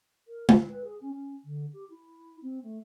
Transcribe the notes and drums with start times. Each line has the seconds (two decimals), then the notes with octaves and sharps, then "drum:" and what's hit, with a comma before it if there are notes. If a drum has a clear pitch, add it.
0.27 A#4
0.49 E4, drum: tom
0.68 B4
0.83 G#4
1.01 C#4
1.13 C#4
1.44 D3
1.73 G4
1.89 E4
2.41 C4
2.63 A3